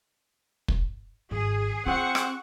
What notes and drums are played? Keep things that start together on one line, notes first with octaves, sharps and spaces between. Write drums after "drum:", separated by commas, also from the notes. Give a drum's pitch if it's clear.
drum: kick
G#1 G#4
C4 F4 F#5 C#6
drum: rim click